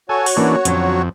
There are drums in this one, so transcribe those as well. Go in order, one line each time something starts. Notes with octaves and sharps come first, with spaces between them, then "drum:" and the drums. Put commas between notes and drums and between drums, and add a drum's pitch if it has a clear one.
F#4 A4 C#5 G#5
drum: open hi-hat
E3 A#3 C#4 D4
F2 D3 F#3 C#4, drum: hi-hat